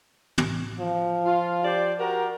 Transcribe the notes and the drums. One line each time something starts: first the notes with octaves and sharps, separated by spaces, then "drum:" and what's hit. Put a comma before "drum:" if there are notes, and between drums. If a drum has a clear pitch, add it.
drum: tom
F3
F4
G4 C5 D5
F#4 G4 A#4